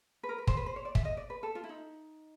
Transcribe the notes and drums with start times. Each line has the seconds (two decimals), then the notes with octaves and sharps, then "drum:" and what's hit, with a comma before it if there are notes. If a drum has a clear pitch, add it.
0.23 B4
0.29 A#4
0.38 B4
0.47 C5, drum: kick
0.57 B4
0.66 C5
0.76 C#5
0.85 D5
0.95 E5, drum: kick
1.05 D#5
1.17 D5
1.30 B4
1.43 A4
1.55 F4
1.64 E4
1.69 D#4